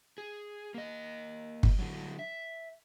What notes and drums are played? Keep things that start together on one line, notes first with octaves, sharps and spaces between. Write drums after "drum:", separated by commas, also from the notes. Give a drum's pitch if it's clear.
G#4
A#3 D#5
drum: kick
D3 F#3
E5